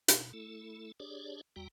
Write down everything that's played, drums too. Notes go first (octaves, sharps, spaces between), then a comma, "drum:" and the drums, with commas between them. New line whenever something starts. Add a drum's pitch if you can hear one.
B2, drum: hi-hat
A3 E4 A4
D4 G4 G#4 C#5 D5
E2 G3 F#4 G5 A#5